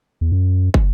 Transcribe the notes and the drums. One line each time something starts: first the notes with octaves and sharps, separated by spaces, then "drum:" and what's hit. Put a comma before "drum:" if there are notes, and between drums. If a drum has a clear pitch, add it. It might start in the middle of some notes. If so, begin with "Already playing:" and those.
E2
F#2
drum: kick